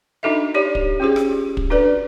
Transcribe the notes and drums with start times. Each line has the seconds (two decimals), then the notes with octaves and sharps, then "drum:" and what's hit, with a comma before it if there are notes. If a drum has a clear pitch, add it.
0.23 D4 D#4 F#4 A4 D#5 E5
0.54 G4 C#5 D5
0.75 drum: kick
1.00 C#4 F4 G4 G#4 C5
1.16 drum: rim click
1.57 drum: kick
1.70 D4 F#4 A4 B4 D5